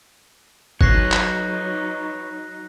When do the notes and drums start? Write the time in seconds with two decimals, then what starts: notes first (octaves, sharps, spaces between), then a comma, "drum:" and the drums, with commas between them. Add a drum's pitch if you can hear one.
0.81 F#3 D#4 B4 C#5 F#6 A#6 C7, drum: kick G1
1.12 drum: clap